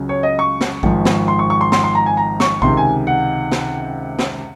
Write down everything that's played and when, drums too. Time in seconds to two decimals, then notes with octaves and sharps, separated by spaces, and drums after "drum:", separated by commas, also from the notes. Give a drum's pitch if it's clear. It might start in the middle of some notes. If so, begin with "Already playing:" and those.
Already playing: C#2 C#3 F#3 C#4
0.09 C#5
0.23 D#5
0.39 C#6
0.61 drum: snare
0.83 G#1 G#2 F3, drum: kick A#1
1.05 drum: snare
1.28 C6
1.39 C#6
1.50 C#6
1.61 C6
1.72 C6, drum: snare
1.84 C6
1.95 A#5
2.06 G#5
2.17 A#5
2.40 C#6, drum: snare
2.62 C#2 C3 D#3 C6, drum: kick A#1
2.77 G#5
3.07 F#5
3.52 drum: snare
4.19 drum: snare